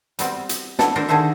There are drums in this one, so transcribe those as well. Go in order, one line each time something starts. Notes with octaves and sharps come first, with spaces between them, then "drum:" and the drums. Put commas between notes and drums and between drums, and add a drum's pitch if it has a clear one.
G3 B3 C4, drum: hi-hat
drum: hi-hat
F3 B3 D4 E4 A4, drum: snare
D4 A4 A#4 C5
D3 D#3 G#4 A4 C5 E5